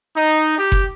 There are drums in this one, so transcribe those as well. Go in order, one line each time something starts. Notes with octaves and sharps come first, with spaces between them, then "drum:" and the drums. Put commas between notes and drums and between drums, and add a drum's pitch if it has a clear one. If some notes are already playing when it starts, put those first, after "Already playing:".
D#4
G4
drum: kick F#1